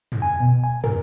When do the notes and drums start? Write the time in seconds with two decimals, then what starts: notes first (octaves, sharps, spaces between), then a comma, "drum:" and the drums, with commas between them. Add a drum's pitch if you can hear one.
0.12 drum: tom
0.22 G#5
0.40 B2
0.64 G#5
0.84 A#4, drum: tom